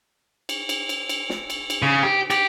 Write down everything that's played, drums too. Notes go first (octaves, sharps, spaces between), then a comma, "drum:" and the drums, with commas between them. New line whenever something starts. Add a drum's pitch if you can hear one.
drum: cymbal
drum: cymbal
drum: cymbal
drum: cymbal
drum: snare
drum: cymbal
drum: cymbal
C#3
G4
G4, drum: cymbal